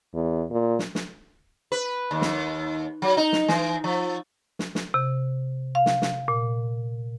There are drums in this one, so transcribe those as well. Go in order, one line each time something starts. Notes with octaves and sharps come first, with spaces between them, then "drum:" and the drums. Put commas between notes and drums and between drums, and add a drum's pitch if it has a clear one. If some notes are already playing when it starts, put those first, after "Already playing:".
E2
A#2
drum: snare
drum: snare
B4
D#2
drum: snare
F#3
D#4
drum: snare
E3, drum: snare
F3
drum: snare
drum: snare
C3
F5
drum: snare
drum: snare
A#2